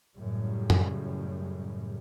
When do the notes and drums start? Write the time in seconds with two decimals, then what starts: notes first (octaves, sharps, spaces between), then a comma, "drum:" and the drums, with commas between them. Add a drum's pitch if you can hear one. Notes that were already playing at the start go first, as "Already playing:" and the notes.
0.16 F#2 A2 C#3 G3
0.70 drum: tom F#2